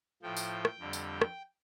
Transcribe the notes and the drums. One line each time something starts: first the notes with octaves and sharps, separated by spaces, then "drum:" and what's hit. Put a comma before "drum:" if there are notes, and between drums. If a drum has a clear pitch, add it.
A2 F3 G5
drum: tambourine
drum: rim click
F2 D3 G3
drum: tambourine
drum: rim click